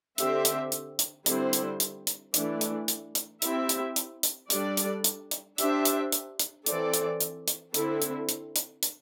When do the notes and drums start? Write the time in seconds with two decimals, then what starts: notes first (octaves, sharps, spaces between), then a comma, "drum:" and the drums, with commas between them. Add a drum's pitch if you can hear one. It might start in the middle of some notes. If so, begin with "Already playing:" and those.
0.18 D3 C4 G4 C5 E5, drum: hi-hat
0.45 drum: hi-hat
0.72 drum: hi-hat
0.99 drum: hi-hat
1.26 D3 G3 C4 E4 C5, drum: hi-hat
1.53 drum: hi-hat
1.80 drum: hi-hat
2.07 drum: hi-hat
2.34 E3 A3 D4, drum: hi-hat
2.61 drum: hi-hat
2.88 drum: hi-hat
3.15 drum: hi-hat
3.42 C4 E4 G4 E5, drum: hi-hat
3.69 drum: hi-hat
3.96 drum: hi-hat
4.23 drum: hi-hat
4.50 G3 D4 A4 D5, drum: hi-hat
4.77 drum: hi-hat
5.04 drum: hi-hat
5.31 drum: hi-hat
5.58 D4 G4 C5 E5, drum: hi-hat
5.85 drum: hi-hat
6.12 drum: hi-hat
6.39 drum: hi-hat
6.66 E3 C4 A4 D5, drum: hi-hat
6.94 drum: hi-hat
7.21 drum: hi-hat
7.48 drum: hi-hat
7.74 D3 C4 E4 A4, drum: hi-hat
8.02 drum: hi-hat
8.29 drum: hi-hat
8.56 drum: hi-hat
8.83 drum: hi-hat